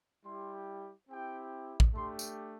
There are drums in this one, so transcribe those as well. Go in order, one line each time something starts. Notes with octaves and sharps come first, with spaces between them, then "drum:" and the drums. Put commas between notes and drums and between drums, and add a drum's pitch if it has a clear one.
G3 E4 G4 C6
C4 E4 G4 G5
drum: kick
A3 D4 G4 C6
drum: tambourine